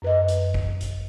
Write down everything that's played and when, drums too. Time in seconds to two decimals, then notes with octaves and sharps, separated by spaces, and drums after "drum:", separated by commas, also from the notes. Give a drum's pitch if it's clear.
0.02 F#2 B4 D#5
0.28 drum: hi-hat
0.54 drum: kick
0.81 drum: hi-hat